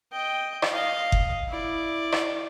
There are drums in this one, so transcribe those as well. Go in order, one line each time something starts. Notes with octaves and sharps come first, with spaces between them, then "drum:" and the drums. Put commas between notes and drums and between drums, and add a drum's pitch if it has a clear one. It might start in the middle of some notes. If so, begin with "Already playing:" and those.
D#5 G5
drum: rim click
D#5 F5
drum: kick F#1
E4 D5
drum: rim click